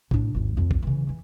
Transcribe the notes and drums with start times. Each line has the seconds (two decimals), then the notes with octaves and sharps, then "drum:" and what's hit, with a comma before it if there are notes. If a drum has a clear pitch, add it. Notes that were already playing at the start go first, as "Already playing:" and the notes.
0.11 A2 D4, drum: kick A#1
0.35 G#1 D#2
0.57 F2 C4
0.71 drum: kick A#1
0.82 C#3 E3
1.09 E3